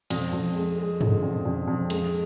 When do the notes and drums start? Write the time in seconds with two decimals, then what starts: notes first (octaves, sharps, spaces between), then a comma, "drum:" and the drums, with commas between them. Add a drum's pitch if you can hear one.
0.10 F2, drum: cymbal
0.33 F2
0.55 G#3
0.78 G#3
1.01 D3, drum: tom G2
1.23 F2
1.45 F2
1.68 F2
1.90 G#3, drum: cymbal